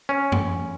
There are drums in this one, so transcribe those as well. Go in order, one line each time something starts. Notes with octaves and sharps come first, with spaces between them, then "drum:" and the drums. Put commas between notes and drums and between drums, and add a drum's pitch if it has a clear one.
C#4
drum: tom F#2